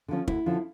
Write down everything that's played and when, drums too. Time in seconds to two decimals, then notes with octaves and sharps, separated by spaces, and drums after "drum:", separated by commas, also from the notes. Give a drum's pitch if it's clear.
0.08 D3 F3 C#4
0.28 D2 E4, drum: kick
0.46 D3 F3 C#4